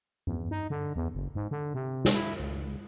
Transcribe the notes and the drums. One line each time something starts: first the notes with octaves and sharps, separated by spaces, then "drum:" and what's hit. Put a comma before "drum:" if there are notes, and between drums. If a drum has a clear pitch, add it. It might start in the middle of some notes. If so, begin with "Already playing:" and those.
E2, drum: tom G2
D#4
D3
E2
F#1
G#2
D3
C3
drum: snare
E4
C#2